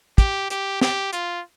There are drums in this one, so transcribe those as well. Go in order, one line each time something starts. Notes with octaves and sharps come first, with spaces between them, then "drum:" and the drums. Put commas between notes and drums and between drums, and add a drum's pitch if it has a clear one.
G4, drum: kick, hi-hat
G4, drum: hi-hat
G4, drum: snare
F4, drum: hi-hat